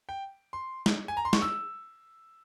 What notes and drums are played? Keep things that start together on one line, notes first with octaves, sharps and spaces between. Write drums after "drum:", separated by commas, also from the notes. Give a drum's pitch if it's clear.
G5
C6
drum: snare
G#5
A#5
C6
C#6, drum: snare
E6